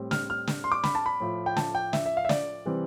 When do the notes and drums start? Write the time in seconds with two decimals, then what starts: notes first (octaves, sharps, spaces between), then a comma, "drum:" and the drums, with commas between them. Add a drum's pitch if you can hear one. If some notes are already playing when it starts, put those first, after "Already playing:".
Already playing: A2 G3 C4
0.11 F6, drum: snare
0.30 F6
0.47 drum: snare
0.64 C6
0.72 D6
0.84 B5, drum: snare
0.95 A5
1.06 B5
1.20 A2 F3 A3
1.46 G5
1.57 A5, drum: snare
1.75 G5
1.93 E5, drum: snare
2.06 E5
2.17 F5
2.25 E5
2.29 D5, drum: snare
2.65 C3 E3 G3 C4